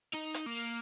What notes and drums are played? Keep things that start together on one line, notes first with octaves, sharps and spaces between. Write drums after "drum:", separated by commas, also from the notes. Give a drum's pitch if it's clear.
D#4
drum: hi-hat
A#3